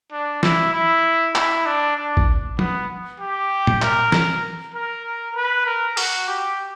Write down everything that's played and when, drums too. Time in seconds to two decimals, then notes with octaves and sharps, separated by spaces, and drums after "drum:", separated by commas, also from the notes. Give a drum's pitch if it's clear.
0.12 D4
0.43 E4, drum: snare
0.73 E4
1.35 E4, drum: clap
1.66 D4
1.97 D4
2.17 drum: kick G#1
2.59 B3, drum: tom
3.20 G4
3.67 drum: tom A#2
3.82 A#4, drum: clap
4.12 A#4, drum: snare
4.74 A#4
5.36 B4
5.66 A#4
5.97 F#4, drum: open hi-hat
6.28 G4